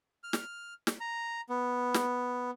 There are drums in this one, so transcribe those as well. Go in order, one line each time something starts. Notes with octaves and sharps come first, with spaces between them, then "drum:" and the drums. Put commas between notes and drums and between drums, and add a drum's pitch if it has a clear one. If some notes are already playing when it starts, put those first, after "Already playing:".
F6
drum: snare
drum: snare
A#5
B3
drum: snare